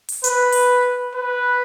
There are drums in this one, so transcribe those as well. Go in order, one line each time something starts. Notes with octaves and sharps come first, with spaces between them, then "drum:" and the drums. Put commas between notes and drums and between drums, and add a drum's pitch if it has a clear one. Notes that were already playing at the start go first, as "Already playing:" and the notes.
drum: open hi-hat
B4, drum: hi-hat
drum: open hi-hat
B4